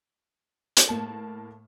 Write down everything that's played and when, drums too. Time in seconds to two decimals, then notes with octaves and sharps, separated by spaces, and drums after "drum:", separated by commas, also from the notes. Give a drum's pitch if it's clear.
0.77 drum: hi-hat
0.88 A2 A#3 A5